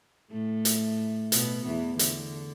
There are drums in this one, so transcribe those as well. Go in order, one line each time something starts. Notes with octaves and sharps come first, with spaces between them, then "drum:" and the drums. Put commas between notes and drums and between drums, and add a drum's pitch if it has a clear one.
A2 A3
drum: hi-hat
B2 B3, drum: hi-hat
E2 E3
D3, drum: hi-hat